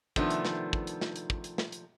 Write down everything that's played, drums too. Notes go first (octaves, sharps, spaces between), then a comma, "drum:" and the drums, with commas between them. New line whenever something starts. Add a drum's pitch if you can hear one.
C3 D#3 F3 A3 B3 D4, drum: kick
drum: hi-hat
drum: snare
drum: kick
drum: hi-hat
drum: snare
drum: hi-hat
drum: kick
drum: hi-hat
drum: snare
drum: hi-hat